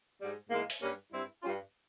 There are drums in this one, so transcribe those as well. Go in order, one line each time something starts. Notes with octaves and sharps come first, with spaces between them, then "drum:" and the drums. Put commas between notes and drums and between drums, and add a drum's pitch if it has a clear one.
G#2 G3
G#2 E3 G#3 A#3
drum: open hi-hat
G2 G3 A#3 C#4
G2 G3 C4 E4
G2 G3 C#4 F4